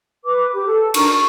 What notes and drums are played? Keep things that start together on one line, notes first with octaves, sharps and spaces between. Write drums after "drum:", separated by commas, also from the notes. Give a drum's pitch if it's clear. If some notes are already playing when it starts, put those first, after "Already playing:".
B4 D6
G4
A4
D4 D#4 A#4 C#6, drum: cymbal
C#6